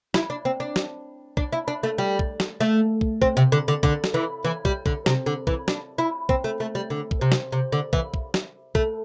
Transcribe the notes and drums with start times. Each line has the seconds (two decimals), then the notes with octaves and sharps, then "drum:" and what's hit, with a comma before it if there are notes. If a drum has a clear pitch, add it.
0.14 E4, drum: snare
0.30 D4
0.45 C4
0.60 D4
0.76 drum: snare
1.37 D4, drum: kick
1.53 E4
1.68 D4
1.83 A3
1.98 G3
2.19 drum: kick
2.40 drum: snare
2.61 A3
3.01 drum: kick
3.22 C4, drum: kick
3.37 C3
3.52 D3
3.68 D3
3.83 D3, drum: kick
4.04 drum: snare
4.14 E3
4.45 E3
4.65 G3, drum: kick
4.86 D3, drum: kick
5.06 C3, drum: snare
5.26 D3
5.47 E3, drum: kick
5.68 D4, drum: snare
5.98 E4
6.29 C4, drum: kick
6.44 A3
6.60 A3
6.75 G3
6.90 D3
7.11 drum: kick
7.21 C3
7.32 drum: snare
7.52 C3
7.72 D3
7.93 E3, drum: kick
8.14 drum: kick
8.34 drum: snare
8.75 A3, drum: kick